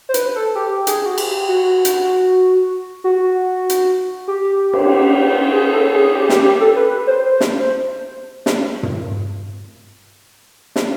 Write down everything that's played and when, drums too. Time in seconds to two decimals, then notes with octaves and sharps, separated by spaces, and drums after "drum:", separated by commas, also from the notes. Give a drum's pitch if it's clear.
0.09 C5
0.14 B4, drum: hi-hat
0.35 A4
0.55 G4
0.87 G#4, drum: hi-hat
1.06 F#4
1.18 G4, drum: cymbal
1.48 F#4
1.85 drum: hi-hat
3.04 F#4
3.70 drum: hi-hat
4.28 G4
4.73 drum: cymbal
5.52 G#4
5.72 A4
5.93 G#4
6.14 G4
6.29 G4, drum: snare
6.45 G4
6.61 A4
6.76 B4
7.07 C5
7.40 drum: snare
8.46 drum: snare
8.83 drum: tom
10.76 drum: snare